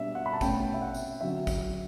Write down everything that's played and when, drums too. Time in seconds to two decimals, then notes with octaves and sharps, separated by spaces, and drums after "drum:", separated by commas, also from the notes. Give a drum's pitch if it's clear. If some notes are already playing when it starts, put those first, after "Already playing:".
Already playing: B2 G3 D4 E5
0.15 F#5
0.26 B5
0.33 A5
0.41 B2 A3 C#4 G5, drum: kick, tambourine
0.74 E5
0.82 F#5
0.94 drum: tambourine
1.21 D3 F#3 C#4 E5
1.47 drum: kick, tambourine